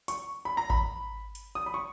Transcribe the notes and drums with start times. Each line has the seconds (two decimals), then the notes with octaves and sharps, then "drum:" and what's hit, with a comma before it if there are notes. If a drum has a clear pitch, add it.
0.08 C#6, drum: hi-hat
0.45 B5
0.57 A#5
0.70 B5, drum: kick G#1
1.35 drum: hi-hat
1.55 D#6
1.66 B5
1.74 C#6